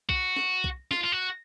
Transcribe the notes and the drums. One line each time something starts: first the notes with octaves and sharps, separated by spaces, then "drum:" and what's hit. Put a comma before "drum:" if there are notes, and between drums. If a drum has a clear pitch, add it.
F#4, drum: kick B1
drum: snare
drum: kick B1
F4, drum: snare
F4
F#4